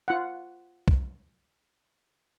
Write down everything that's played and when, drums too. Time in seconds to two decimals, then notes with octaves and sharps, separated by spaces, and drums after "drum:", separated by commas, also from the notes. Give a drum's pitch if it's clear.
0.08 F4 F#5
0.88 drum: kick